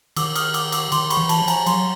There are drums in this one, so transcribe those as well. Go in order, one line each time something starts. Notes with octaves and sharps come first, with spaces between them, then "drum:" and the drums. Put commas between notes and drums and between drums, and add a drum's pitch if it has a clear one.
D#3 D6 E6, drum: cymbal
D#6 F6, drum: cymbal
D6 E6, drum: cymbal
D6 E6, drum: cymbal
D#3 C6 D6, drum: cymbal
B5 C#6, drum: cymbal
E3
A5 B5, drum: cymbal
F3
G#5 A#5, drum: cymbal
F#3 A#5 C6, drum: cymbal